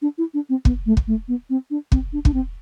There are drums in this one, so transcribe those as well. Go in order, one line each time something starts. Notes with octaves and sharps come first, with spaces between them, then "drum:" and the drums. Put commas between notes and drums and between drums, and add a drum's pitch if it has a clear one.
D4
E4
D4
C4
B3, drum: kick
A3
drum: kick
A3
B3
C4
D4
C4, drum: kick
D4
D4, drum: kick
C4